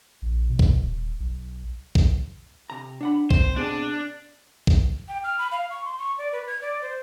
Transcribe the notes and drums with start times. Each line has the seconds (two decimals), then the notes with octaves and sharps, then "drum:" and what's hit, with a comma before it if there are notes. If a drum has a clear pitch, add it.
0.22 A#1
0.49 B2
0.59 drum: kick B1
0.82 D#1
1.20 B1
1.95 drum: kick B1
2.70 C3 A#5
3.01 D4 F#5 B5
3.31 C4 C5, drum: kick B1
3.56 B2 C4 D4 G#4
4.67 drum: kick B1
5.08 G5
5.24 F6
5.39 B5
5.52 F5
5.70 C#6
5.85 C6
5.98 C#6
6.18 D5
6.32 B4
6.47 G#6
6.61 D5
6.82 C5